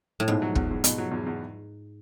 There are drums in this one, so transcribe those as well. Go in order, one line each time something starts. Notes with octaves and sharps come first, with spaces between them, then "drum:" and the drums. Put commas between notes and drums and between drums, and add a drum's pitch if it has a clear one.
A2
G#2 B2
F#3
E2, drum: kick
E2
B2, drum: hi-hat
F#3
E2
E2